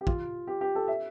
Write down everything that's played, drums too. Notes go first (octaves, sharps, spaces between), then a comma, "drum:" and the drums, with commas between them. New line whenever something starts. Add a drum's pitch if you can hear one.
G4
F4, drum: kick
G4
G4
A4
E5